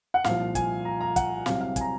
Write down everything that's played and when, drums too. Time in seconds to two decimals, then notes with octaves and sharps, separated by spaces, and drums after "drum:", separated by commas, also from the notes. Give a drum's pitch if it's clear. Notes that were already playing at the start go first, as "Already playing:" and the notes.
0.14 F#5
0.24 C2 A#2 F3 F5, drum: snare
0.55 G#5, drum: kick, hi-hat
0.85 A#5
1.01 A#5
1.16 F#5, drum: kick, hi-hat
1.46 C2 C3 F#3 F5, drum: snare
1.61 F5
1.76 G#5, drum: kick, hi-hat
1.81 A#5